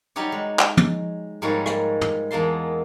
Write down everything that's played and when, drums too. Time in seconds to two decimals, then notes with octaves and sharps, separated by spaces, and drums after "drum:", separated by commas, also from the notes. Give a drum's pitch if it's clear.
0.16 F#3 G3 D#4 F#4 G4 C#5
0.32 G#3
0.59 drum: clap
0.77 drum: tom
1.42 G#2 F3 G3 G#3 A#3 C#5
1.66 drum: rim click
2.01 drum: tom
2.31 E2 G#3 A#3 A5 C6